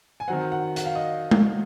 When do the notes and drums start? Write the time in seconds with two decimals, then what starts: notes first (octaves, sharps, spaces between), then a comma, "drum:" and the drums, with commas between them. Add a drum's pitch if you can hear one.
0.20 G#5
0.28 D#3 F#3 C4 F#5
0.52 F#5
0.76 F#5, drum: hi-hat
0.85 F5
0.95 D#5
1.31 drum: tom G#3